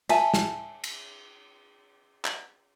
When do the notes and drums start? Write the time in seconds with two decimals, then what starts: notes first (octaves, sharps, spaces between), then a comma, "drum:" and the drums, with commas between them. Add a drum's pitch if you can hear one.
0.09 E5 G#5 A5, drum: cymbal
0.34 drum: snare
0.84 drum: cymbal
2.25 drum: clap